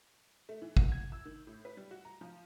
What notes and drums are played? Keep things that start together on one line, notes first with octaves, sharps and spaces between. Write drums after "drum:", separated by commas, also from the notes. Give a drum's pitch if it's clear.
A3
E3
F#5, drum: kick
G#6
E6
D#3
A2
B4
G3
F#4
A#5
F3